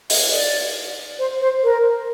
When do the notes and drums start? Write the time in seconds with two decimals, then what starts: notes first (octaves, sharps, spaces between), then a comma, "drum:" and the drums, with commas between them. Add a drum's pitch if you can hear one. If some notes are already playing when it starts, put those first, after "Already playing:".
0.10 D#5, drum: open hi-hat
0.31 D5
1.19 C5
1.41 C5
1.63 A#4